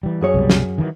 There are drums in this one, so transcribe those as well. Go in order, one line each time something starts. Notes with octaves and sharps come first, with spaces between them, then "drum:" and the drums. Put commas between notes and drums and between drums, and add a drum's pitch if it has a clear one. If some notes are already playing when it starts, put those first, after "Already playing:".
E3 G3
F#2 G#4 C#5
C2 B2 G3
drum: snare
D#3 E3 F#3